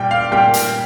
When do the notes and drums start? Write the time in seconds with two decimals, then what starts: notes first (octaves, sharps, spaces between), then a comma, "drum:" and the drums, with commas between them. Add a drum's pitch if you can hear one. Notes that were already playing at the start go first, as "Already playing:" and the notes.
Already playing: A#2 G3 G5
0.11 F5
0.31 A#2 G3 G5
0.54 drum: hi-hat